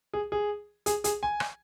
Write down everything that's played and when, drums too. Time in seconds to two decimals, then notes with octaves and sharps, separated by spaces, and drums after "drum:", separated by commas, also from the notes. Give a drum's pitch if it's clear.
0.14 G#4
0.32 G#4
0.86 G#4, drum: hi-hat
1.04 G#4, drum: hi-hat
1.23 G#5
1.40 drum: rim click